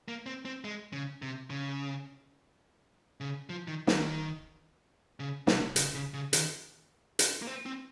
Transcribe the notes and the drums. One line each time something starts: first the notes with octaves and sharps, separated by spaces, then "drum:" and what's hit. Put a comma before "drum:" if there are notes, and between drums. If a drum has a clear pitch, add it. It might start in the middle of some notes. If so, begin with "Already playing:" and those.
A#3
C4
C4
G#3
C#3
C3
C#3
C#3
F3
D#3
D#3, drum: snare
C#3
C3, drum: snare
C#3, drum: hi-hat
C#3
C#3
D#3, drum: hi-hat
drum: hi-hat
A#3
C4
C4